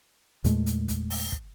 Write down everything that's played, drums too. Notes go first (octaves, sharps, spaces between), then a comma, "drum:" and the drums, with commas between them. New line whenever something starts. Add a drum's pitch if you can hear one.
E2 A#2 G#3 A3, drum: hi-hat
drum: hi-hat
drum: kick, hi-hat
drum: open hi-hat
drum: kick